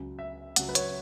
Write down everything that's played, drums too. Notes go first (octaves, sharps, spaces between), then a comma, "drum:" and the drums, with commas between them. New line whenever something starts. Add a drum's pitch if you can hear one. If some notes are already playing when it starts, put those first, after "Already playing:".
Already playing: C#2 C#3 F#3
E5
C#2 C#3 F#3 F#5, drum: hi-hat
B4
C#5, drum: hi-hat